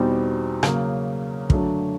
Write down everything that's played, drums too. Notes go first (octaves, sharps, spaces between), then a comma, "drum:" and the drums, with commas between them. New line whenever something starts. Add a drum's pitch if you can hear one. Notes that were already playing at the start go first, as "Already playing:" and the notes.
Already playing: E2 B2 G3 C4 D#4
C#3 F#3 A#3, drum: rim click
F#2 D3 F#3 A3 D4, drum: kick